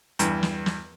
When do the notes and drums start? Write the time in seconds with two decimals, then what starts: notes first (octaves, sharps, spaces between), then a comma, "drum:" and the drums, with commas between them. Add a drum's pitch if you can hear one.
0.19 E2 G2, drum: hi-hat
0.43 drum: snare
0.66 drum: snare